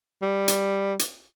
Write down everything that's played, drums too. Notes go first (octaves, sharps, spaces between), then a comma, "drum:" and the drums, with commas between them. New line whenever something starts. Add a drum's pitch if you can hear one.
G3
drum: hi-hat
drum: hi-hat